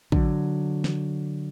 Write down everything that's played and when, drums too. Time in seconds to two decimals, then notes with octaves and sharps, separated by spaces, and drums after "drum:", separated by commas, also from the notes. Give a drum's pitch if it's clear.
0.12 D3 F#3, drum: kick
0.84 drum: snare